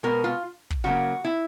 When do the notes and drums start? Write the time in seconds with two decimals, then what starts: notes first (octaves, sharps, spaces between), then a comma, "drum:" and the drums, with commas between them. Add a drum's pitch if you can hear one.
0.03 B2 G#3 B3 A#4
0.24 F4
0.70 drum: kick
0.84 C#3 F#3 A#3 F#4
1.25 E4